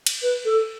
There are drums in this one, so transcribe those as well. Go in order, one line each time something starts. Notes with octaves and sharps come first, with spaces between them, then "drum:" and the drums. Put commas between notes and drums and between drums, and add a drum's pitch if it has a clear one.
drum: cymbal
B4
A4